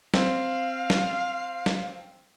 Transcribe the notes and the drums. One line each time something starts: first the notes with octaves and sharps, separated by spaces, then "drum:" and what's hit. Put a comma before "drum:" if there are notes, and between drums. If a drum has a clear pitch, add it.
C4 F5, drum: snare
drum: snare
drum: snare